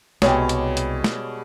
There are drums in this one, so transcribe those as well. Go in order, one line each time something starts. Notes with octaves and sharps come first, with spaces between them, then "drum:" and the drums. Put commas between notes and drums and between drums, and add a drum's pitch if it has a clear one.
C2 B2 G3 G#3 C#5, drum: snare
drum: hi-hat
drum: hi-hat
drum: snare